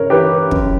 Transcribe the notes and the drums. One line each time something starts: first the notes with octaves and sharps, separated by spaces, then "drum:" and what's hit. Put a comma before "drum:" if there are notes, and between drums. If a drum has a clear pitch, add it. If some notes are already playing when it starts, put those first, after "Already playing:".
Already playing: G1 C#3 A#4 C#5
E3 G4 B4
F#2, drum: kick